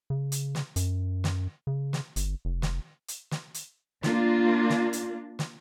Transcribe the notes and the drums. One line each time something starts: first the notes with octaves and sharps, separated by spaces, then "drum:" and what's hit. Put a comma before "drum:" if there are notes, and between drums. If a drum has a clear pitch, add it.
C#3
drum: hi-hat
drum: snare
F#2, drum: hi-hat
drum: snare
C#3
drum: snare
G1, drum: hi-hat
F1
drum: snare
drum: hi-hat
drum: snare
drum: hi-hat
A#3 D4 F4, drum: snare
drum: snare
drum: hi-hat
drum: snare